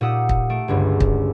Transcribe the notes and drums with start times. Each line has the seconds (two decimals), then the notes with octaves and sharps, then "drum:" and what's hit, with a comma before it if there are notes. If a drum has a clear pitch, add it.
0.01 A#2 D#4 G4 F#5 D#6 E6
0.29 drum: kick
0.50 A3 D7
0.68 G1 C#2 G2
1.00 drum: kick